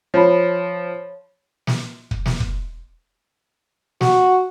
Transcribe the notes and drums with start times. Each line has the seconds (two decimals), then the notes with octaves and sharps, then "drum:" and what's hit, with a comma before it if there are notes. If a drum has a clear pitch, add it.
0.14 F3 C#5 A5 B5
1.67 drum: snare
2.11 drum: kick
2.26 drum: snare
2.40 drum: kick
4.01 F#4, drum: snare